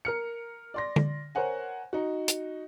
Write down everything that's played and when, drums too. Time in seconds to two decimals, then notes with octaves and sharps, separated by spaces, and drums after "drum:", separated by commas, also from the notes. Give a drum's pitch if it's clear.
0.05 A#4 F6 C#7
0.74 D5 C6 A#6
0.96 drum: tom D3
1.35 A#4 C5 C#5 F#5 G#5
1.93 D#4 F#4
2.28 drum: hi-hat